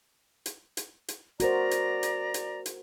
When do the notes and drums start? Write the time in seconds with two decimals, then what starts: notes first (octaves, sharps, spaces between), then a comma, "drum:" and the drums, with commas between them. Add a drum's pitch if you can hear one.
0.46 drum: hi-hat
0.77 drum: hi-hat
1.08 drum: hi-hat
1.40 F#4 A#4 C5 D5 A#5, drum: hi-hat
1.71 drum: hi-hat
2.03 drum: hi-hat
2.34 drum: hi-hat
2.66 drum: hi-hat